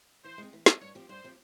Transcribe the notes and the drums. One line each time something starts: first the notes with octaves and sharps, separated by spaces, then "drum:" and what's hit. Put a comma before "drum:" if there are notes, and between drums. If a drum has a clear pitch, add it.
E3 C5
G#3 C4
E3
G#3 C4, drum: snare
G2 C#5
F3 C4 G4
G2 C5
F3 C4 G4